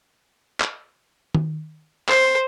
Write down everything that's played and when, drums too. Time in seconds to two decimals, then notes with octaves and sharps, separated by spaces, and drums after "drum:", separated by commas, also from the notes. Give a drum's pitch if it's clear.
0.60 drum: clap
1.35 drum: tom D#3
2.09 C5, drum: clap